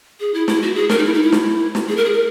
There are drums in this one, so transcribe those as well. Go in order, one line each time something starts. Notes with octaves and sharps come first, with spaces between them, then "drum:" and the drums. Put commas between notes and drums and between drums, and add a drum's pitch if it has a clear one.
G#4
E4
E4, drum: snare
F#4
G#4
A#4, drum: snare
D#4
E4
D#4
E4
drum: snare
drum: snare
G#4
A#4
G#4
A#4